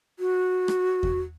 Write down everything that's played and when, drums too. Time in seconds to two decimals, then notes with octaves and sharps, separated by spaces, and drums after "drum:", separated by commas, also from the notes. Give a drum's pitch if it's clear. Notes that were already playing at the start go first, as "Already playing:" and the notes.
0.19 F#4
0.68 drum: rim click
1.03 drum: kick E2